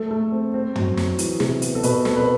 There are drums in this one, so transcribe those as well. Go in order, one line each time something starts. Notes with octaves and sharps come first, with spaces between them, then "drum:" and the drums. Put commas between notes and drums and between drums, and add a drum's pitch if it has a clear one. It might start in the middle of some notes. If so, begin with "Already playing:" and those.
Already playing: A3 A4
A3
C4
C4
F#3, drum: tom
F#3, drum: snare
E3, drum: hi-hat
C3, drum: snare
B3, drum: hi-hat
A4
B2 B4, drum: hi-hat
C4 A4, drum: snare
B4